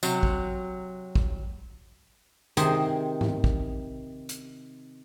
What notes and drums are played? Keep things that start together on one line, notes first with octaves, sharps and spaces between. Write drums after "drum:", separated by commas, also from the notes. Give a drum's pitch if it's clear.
C3 F#3, drum: tambourine
drum: kick
drum: kick
C3 D#3 G#4 C5, drum: hi-hat
drum: tom G#2
drum: kick
drum: hi-hat